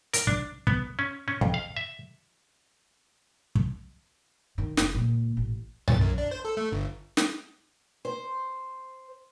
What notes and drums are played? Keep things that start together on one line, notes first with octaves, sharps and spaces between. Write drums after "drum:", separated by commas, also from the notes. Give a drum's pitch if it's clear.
A#4, drum: hi-hat
D4, drum: kick
B3, drum: kick
C#4
C#4
F2, drum: kick
F5
E5
drum: kick
D#3
F1, drum: snare
C#2 A#2
A1
A6, drum: tom B1
F#2
D4
C5
A4
A3
G1
drum: snare
C5